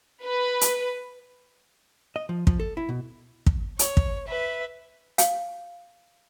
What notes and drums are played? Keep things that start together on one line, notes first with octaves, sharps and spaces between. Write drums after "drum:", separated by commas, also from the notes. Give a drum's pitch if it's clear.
B4
drum: hi-hat
D#5
F3
F3, drum: kick
A4
E4
B2
drum: kick
C#5, drum: hi-hat
drum: kick
B4 E5
F5, drum: hi-hat